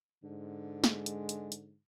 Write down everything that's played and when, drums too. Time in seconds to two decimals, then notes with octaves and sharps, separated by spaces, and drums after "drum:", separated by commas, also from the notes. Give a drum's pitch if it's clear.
0.24 G#2 D3
0.84 G#3, drum: snare
1.06 drum: hi-hat
1.29 drum: hi-hat
1.52 drum: hi-hat